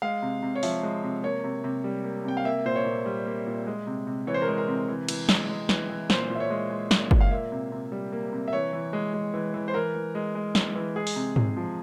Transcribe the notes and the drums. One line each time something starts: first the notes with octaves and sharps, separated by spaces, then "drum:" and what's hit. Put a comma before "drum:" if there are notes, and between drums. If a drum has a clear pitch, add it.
G#3 F5
C3
C3
C#5
F3 E5, drum: open hi-hat
G#3
C3
A#3 C#5
C3
C3
G3
A#3
C3 G5
F5
A#3 E5
A#2 C5
C#5
A#2
G3
A#3
A#2
G#3
C3
C3
E3 C#5
C5
A#4
G#3 C5
A#4
C3
E3
E3, drum: cymbal
G#3, drum: snare
G#3
E3, drum: snare
E3
A#2 C5, drum: snare
A#2
E5
C#5
G#3
G#3
A#2, drum: snare
A#2, drum: kick
F5
A#3 E5
C3
C3
G3
A#3
C3
E5
E3 C#5
E3
G#3
G#3
E3
E3
C5
E3 A#4
E3
G#3
G#3
E3, drum: snare
E3
G#3 G#4
drum: open hi-hat
C3
C3, drum: tom G#2
F3